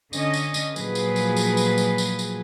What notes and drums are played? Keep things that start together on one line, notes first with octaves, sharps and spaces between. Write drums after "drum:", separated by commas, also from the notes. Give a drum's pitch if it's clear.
D3 C#4 D#5, drum: tambourine
drum: tambourine
drum: tambourine
A#2 F3 F#3 G#4 B4, drum: tambourine
drum: tambourine
drum: tambourine
drum: tambourine
drum: tambourine
drum: tambourine
drum: tambourine
drum: tambourine